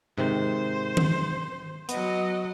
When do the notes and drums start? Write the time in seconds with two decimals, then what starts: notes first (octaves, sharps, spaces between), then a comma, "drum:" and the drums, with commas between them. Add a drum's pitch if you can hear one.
0.18 G#2 C3 D#3 C5
0.97 drum: tom D#3
1.89 F#3 B3 D#5, drum: hi-hat